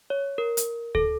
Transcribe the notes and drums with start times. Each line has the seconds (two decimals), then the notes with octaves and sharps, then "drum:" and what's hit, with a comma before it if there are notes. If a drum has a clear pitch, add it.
0.10 C#5
0.38 A#4
0.57 drum: hi-hat
0.95 A4, drum: kick D2